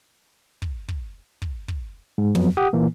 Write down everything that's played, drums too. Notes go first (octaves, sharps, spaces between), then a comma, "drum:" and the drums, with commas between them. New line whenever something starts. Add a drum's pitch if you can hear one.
drum: kick
drum: kick
drum: kick
drum: kick
G#2
F2 F#3 B3, drum: tom
G4 F#5 D#6
A#2 E3 A#3